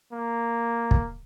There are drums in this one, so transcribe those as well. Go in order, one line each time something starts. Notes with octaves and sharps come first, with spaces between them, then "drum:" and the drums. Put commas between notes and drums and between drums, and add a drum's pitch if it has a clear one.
A#3
drum: kick